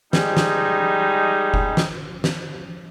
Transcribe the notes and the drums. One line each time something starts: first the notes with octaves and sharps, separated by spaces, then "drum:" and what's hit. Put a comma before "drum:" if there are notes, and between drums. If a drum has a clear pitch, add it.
G3 G#3 D#4, drum: snare
drum: snare
drum: kick F1
drum: snare
drum: snare